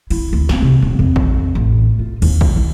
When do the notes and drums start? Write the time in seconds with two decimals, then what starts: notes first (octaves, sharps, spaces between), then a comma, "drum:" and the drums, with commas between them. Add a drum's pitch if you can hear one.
0.11 E4, drum: cymbal
0.33 D2
0.49 C4, drum: snare
0.62 C3
0.82 D#1
0.99 F2
1.16 F2, drum: kick
1.55 A1
1.99 F4
2.22 D#2, drum: cymbal
2.41 drum: kick
2.56 E4